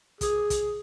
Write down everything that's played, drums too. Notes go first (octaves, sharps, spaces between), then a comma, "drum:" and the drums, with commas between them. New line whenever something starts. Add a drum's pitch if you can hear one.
G#4, drum: kick, hi-hat
drum: kick, hi-hat